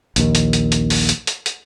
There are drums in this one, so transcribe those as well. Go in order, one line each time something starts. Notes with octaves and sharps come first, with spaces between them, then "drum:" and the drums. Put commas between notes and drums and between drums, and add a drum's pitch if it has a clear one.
A#1 D#2 D#3, drum: hi-hat
drum: hi-hat
drum: hi-hat
drum: hi-hat
drum: open hi-hat
drum: hi-hat
drum: hi-hat
drum: hi-hat